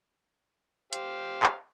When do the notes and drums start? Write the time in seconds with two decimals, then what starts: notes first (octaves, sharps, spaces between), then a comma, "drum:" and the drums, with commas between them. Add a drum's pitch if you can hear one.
0.93 G4 C5 F5, drum: hi-hat
1.43 drum: clap